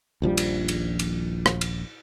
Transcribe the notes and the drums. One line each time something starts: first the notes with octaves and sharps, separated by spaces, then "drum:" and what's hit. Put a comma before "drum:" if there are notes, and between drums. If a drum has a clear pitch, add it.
D#1 A#1 F3 G3
drum: cymbal
drum: cymbal
drum: cymbal
drum: rim click
drum: cymbal